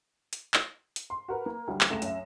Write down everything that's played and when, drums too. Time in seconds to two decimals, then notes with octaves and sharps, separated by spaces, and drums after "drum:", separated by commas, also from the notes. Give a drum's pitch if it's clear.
0.33 drum: hi-hat
0.54 drum: clap
0.96 drum: hi-hat
1.10 C6
1.28 F#4 A#4 B4
1.46 A#3
1.67 D2 F#3 G3
1.81 drum: clap
1.90 C#2 A3 A#6 E7
2.02 F#2 E5, drum: hi-hat